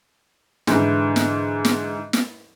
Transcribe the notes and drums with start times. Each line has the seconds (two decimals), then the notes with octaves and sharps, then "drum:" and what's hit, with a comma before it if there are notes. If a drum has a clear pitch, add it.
0.67 G#2 D3 E3, drum: snare
1.16 drum: snare
1.65 drum: snare
2.13 drum: snare